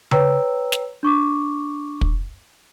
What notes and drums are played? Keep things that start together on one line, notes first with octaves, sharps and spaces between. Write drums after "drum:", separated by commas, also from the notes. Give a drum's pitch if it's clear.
B4 C#5 G5 A#5 E6, drum: tom C#3
drum: snare
D4 C#6 D6
drum: kick